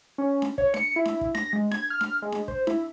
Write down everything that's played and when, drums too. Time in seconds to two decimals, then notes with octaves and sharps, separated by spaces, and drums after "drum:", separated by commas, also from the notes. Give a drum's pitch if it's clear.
0.18 C#4
0.42 drum: snare D4
0.58 C#5, drum: kick
0.74 C#7, drum: snare D4
0.96 E4
1.05 drum: snare D4
1.21 drum: kick
1.35 A#6, drum: snare D4
1.53 G#3
1.71 G#6, drum: snare D4
1.90 F6
2.01 drum: snare D4
2.22 G#3
2.32 drum: snare D4
2.48 C5, drum: kick
2.67 E4, drum: snare D4